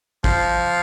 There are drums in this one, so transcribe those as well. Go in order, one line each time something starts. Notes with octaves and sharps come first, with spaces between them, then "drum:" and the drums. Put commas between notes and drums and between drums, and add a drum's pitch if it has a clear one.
F3, drum: kick